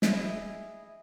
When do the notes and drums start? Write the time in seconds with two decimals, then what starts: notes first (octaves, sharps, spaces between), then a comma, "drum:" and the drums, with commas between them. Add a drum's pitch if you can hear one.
0.02 E4 G#4 D#5, drum: snare